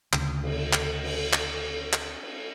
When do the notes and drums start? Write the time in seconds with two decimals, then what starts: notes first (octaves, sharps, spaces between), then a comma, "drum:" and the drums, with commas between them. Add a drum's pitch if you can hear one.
0.13 D2 C#3, drum: clap
0.43 drum: cymbal
0.73 drum: clap
1.03 drum: cymbal
1.33 drum: clap
1.63 drum: cymbal
1.93 drum: clap
2.23 drum: cymbal